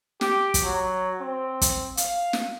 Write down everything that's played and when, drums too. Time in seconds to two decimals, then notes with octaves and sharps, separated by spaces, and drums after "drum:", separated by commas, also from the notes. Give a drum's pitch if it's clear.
0.21 G4, drum: snare
0.54 drum: kick, hi-hat
0.64 F#3
1.21 C4
1.62 drum: kick, hi-hat
1.97 F5, drum: hi-hat
2.33 drum: snare